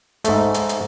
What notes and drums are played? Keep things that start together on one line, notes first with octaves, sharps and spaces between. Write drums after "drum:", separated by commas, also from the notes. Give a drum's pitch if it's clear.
G#2 A3, drum: hi-hat
drum: hi-hat
drum: hi-hat